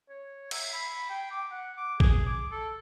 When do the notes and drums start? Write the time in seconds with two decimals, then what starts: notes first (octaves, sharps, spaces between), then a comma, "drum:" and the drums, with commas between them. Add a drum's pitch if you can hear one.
0.09 C#5
0.51 E5, drum: cymbal
0.73 B5
1.10 G5
1.31 D6
1.51 F#5
1.78 D6
2.00 G#4, drum: kick
2.26 D6
2.52 A4